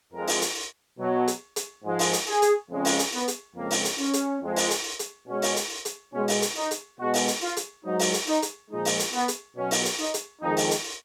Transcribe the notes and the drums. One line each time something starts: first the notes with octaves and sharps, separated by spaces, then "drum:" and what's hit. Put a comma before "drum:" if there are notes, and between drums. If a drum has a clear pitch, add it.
F2 F3 G#3 A#4
drum: open hi-hat
drum: hi-hat
B2 F#3
drum: hi-hat
drum: hi-hat
G#2 F3 G#3
drum: open hi-hat
drum: hi-hat
G#4
drum: hi-hat
F2 C#3 G#3
drum: open hi-hat
drum: hi-hat
B3
drum: hi-hat
F2 C#3 G#3 A#3
drum: open hi-hat
drum: hi-hat
C#4
drum: hi-hat
F2 F3 G#3
drum: open hi-hat
drum: hi-hat
drum: hi-hat
B2 G#3 C#4
drum: open hi-hat
drum: hi-hat
drum: hi-hat
B2 G#3 C#4
drum: open hi-hat
drum: hi-hat
D#4
drum: hi-hat
B2 G#3 F#4
drum: open hi-hat
drum: hi-hat
F4
drum: hi-hat
G#2 F#3 D#4
drum: open hi-hat
drum: hi-hat
D#4
drum: hi-hat
A#2 F3 G#3 D#4
drum: open hi-hat
drum: hi-hat
B3
drum: hi-hat
B2 F#3 C#4
drum: open hi-hat
drum: hi-hat
D#4
drum: hi-hat
F2 D#3 G#3 D#4
drum: open hi-hat
drum: hi-hat